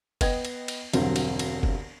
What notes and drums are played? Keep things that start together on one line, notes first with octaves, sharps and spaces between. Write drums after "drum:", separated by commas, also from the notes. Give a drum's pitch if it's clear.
B3 B4 D#5 G5 G#6, drum: kick F#1, cymbal
drum: cymbal
drum: cymbal
E1 G2 D3 F#3 C4, drum: cymbal
drum: cymbal
drum: cymbal
drum: kick F#1